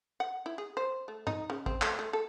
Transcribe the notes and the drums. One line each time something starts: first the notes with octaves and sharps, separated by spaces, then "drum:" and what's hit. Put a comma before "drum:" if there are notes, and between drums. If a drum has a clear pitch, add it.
F#5
E4
G#4
C5
A3
D#4, drum: tom
C#3
C4, drum: kick
A3, drum: clap
A3
A4